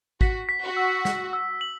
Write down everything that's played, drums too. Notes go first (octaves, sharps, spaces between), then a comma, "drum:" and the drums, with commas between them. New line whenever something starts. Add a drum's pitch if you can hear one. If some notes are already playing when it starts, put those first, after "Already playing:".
F#4 B6, drum: kick G#1
B6
F#4
E6
B6, drum: snare
E6
F#7